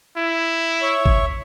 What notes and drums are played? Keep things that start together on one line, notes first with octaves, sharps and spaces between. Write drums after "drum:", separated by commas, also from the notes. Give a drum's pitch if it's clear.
E4
C#5 E5
drum: kick G#1